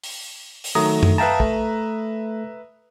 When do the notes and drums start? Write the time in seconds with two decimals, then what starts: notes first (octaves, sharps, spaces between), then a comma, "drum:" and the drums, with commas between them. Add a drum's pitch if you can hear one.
0.04 drum: open hi-hat
0.64 drum: open hi-hat
0.75 D#3 F#3 A3 A#5 D#6
1.03 drum: tom
1.18 B4 E5 F5 G5 A5 A#5
1.40 A3, drum: kick